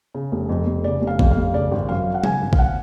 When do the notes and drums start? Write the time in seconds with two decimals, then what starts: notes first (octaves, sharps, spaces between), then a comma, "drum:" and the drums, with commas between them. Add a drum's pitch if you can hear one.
0.15 C#3
0.32 F1
0.49 F2
0.66 F1
0.84 C#3 D5
1.01 F1
1.07 F5
1.19 F2, drum: kick
1.31 F5
1.37 F1
1.54 C#3 D5
1.71 G#1
1.89 F#2 F5
2.06 F#3
2.14 F#5
2.24 C#3 G#5, drum: tom F#3
2.42 G#1
2.53 F5, drum: kick
2.59 F#5